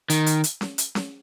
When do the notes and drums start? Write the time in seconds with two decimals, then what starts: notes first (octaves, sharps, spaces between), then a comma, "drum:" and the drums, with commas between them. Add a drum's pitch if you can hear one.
0.10 D#3, drum: hi-hat
0.26 drum: hi-hat
0.44 drum: hi-hat
0.61 drum: snare C#4
0.78 drum: hi-hat
0.95 drum: snare C#4